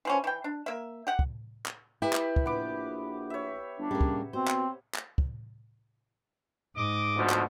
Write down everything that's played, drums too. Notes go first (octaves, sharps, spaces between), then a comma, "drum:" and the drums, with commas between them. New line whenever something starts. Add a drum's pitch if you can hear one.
E3 F3 C#4
E3 G5
D4
A#3 E5
G4 F#5
drum: kick
drum: clap
E4 G4 B4
drum: clap
drum: kick
A#1 B3 D6
C#5 E5
G1 D4
C#3 G3 A#3
drum: kick
B2 C4 C5
drum: clap
drum: clap
drum: kick
G#2 D#5 D6
D2 B2 F3
drum: clap